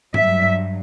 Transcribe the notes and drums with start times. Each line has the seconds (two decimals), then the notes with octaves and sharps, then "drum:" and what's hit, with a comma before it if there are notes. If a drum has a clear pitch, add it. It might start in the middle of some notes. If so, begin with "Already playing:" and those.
0.14 G2 F#3 E5, drum: tom G#2